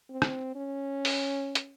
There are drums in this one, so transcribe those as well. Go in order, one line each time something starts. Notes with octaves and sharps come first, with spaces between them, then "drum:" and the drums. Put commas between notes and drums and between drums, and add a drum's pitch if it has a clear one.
C4
drum: rim click
C#4
drum: open hi-hat
drum: hi-hat